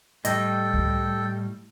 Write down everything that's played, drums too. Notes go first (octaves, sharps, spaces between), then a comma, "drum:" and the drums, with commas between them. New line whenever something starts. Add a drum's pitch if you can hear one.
A2 G3 A4 D#5 G5, drum: hi-hat
drum: kick C#2